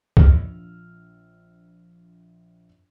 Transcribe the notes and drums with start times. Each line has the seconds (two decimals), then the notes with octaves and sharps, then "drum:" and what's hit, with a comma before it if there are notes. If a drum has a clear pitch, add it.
0.17 A#1 D4 F4 E6 F6, drum: kick C#2